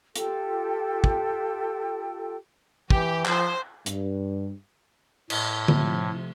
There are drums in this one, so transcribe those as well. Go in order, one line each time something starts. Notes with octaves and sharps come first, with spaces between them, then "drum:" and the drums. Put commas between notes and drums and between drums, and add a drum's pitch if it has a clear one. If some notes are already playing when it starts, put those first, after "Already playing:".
F4 G4 A4 G5, drum: hi-hat
drum: kick
E3 G4, drum: kick
F3 C5, drum: clap
G2, drum: hi-hat
A2, drum: cymbal
C3 F3 A3, drum: tom D3